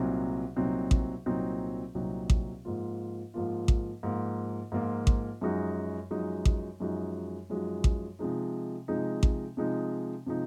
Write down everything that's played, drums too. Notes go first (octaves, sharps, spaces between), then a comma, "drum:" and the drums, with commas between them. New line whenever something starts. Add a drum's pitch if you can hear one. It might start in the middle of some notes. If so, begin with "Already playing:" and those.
Already playing: C2 A#2 F#3 C4 D#4
C2 A#2 F#3 C4 D#4
drum: kick A1
C2 A#2 F#3 C4 D#4
C2 A#2 F#3 C4 D#4
drum: kick A1
G#2 F3 A#3 F4
G#2 F3 A#3 F4
drum: kick A1
G#2 F3 A#3 F4
G#2 F3 A#3 F4
drum: kick A1
F#2 F3 G#3 D#4 F#4
F#2 F3 G#3 D#4 F#4
drum: kick A1
F#2 F3 G#3 D#4 F#4
F#2 F3 G#3 D#4 F#4
drum: kick A1
C3 F3 G#3 D#4
C3 F3 G#3 D#4
drum: kick A1
C3 F3 G#3 D#4
C3 F3 G#3 D#4